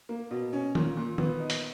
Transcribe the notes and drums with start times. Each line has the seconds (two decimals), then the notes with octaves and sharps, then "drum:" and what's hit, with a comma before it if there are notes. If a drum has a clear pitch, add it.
0.09 A#3
0.31 B2
0.53 C#4
0.75 A#2, drum: tom D#3
0.97 A#2
1.18 B3, drum: tom D#3
1.40 D#4
1.50 drum: hi-hat